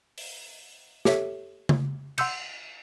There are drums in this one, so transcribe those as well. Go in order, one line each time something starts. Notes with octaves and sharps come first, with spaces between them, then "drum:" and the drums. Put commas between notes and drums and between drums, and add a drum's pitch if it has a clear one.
drum: open hi-hat
G4 A4 C#5 E5 B6, drum: snare
drum: tom C#3
F#5 C6 E6 G6 C#7, drum: cymbal